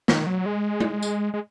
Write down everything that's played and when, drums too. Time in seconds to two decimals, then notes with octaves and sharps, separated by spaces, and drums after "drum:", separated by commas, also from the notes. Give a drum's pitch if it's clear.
0.08 D#3, drum: snare
0.27 F#3
0.46 G#3
0.80 drum: tom G#3
1.03 drum: tambourine
1.34 G#3